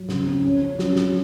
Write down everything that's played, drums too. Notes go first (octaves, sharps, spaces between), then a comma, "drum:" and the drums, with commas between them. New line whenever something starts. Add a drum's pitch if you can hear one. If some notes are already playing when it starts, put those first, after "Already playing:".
Already playing: F#3
C#3, drum: snare
C4
C#4
C#4
F#3, drum: snare
F#3, drum: snare